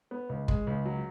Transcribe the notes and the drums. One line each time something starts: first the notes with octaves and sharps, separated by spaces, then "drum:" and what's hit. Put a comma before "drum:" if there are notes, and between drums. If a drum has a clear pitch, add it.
B3
C#2
G#3, drum: kick
C#2
F#3